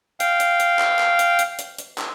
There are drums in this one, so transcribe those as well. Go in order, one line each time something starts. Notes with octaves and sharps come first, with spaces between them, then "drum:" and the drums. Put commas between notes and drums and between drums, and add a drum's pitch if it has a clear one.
F5 G5, drum: hi-hat
drum: hi-hat
drum: hi-hat
drum: clap
drum: clap
drum: hi-hat
drum: hi-hat
drum: hi-hat
drum: hi-hat
drum: clap